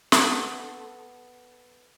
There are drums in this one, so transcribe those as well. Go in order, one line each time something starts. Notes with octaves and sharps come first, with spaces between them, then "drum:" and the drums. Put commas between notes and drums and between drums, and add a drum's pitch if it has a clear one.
B3 A4, drum: snare